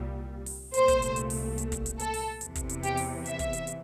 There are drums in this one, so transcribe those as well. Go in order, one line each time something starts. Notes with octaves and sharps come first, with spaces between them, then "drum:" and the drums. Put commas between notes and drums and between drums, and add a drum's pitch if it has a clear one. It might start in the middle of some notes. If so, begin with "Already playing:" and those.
Already playing: C2 A#2 G3
drum: open hi-hat
C2 A#2 A3 C5, drum: hi-hat
drum: kick, hi-hat
drum: hi-hat
drum: hi-hat
drum: open hi-hat
drum: hi-hat
drum: kick, hi-hat
drum: hi-hat
A4, drum: hi-hat
drum: open hi-hat
E2 C3 E3, drum: hi-hat
drum: kick, hi-hat
drum: hi-hat
G4, drum: hi-hat
drum: open hi-hat
E5, drum: hi-hat
drum: kick, hi-hat
drum: hi-hat
drum: hi-hat